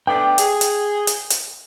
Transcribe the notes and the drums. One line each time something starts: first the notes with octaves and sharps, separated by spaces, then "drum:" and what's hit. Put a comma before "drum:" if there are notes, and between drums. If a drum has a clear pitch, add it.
A3 B3 D4 G5
G#4, drum: hi-hat
drum: hi-hat
drum: hi-hat
drum: hi-hat